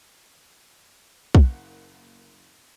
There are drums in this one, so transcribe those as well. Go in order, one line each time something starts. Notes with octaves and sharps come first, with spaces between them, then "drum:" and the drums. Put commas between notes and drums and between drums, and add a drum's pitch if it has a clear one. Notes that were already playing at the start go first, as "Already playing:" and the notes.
F#1 A#3 F#5, drum: kick